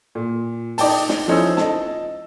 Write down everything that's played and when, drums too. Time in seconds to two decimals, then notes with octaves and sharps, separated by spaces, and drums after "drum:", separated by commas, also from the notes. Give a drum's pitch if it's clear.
0.15 A#2
0.78 D#4 D5 G5 A5, drum: open hi-hat
1.09 drum: snare
1.28 F3 C#4 D#4 E4 C5 E6
1.57 D#5 A5, drum: snare